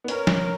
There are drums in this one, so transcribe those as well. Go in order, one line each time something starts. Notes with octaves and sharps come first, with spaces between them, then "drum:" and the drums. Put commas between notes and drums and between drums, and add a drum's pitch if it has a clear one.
B3
C#4 A#4, drum: hi-hat
drum: snare